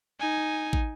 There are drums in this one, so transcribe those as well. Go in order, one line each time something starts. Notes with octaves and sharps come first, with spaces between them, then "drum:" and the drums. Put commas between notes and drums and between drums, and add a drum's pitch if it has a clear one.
D#4 G#5
drum: kick